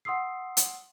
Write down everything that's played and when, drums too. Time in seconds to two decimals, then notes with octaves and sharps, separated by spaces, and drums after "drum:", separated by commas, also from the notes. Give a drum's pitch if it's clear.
0.05 F#5 C6 D#6 E6 C7
0.57 drum: hi-hat